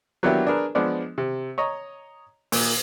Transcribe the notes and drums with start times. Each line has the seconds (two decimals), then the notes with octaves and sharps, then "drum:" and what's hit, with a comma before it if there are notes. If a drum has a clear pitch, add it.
0.23 F#3 A#3 B3 D4 E4 G4
0.47 D4 G#4 A#4 B4
0.75 F3 G#3 B3 D4 D5
1.18 C3
1.58 C#5 D#5 A#5
2.52 A#2, drum: open hi-hat